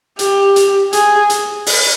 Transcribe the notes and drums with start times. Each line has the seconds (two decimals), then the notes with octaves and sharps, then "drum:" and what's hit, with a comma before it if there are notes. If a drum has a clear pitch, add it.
0.19 G4, drum: hi-hat
0.56 drum: hi-hat
0.93 G#4, drum: hi-hat
1.30 drum: hi-hat
1.66 drum: open hi-hat